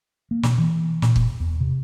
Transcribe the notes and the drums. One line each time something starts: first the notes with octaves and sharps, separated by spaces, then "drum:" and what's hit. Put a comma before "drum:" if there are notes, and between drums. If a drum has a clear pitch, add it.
A#3
B2, drum: snare
E3
A#2, drum: snare
drum: kick
E2
C3